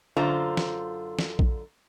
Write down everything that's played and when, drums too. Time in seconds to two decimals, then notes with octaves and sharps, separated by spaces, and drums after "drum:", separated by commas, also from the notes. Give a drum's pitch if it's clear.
0.17 F#2 D3 F4 C5 A#5
0.57 drum: snare
1.19 drum: snare
1.39 drum: kick A#1